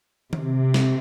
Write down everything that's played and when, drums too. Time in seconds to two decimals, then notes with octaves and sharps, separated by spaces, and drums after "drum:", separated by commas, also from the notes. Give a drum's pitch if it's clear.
0.33 C3, drum: tom D#3
0.74 drum: snare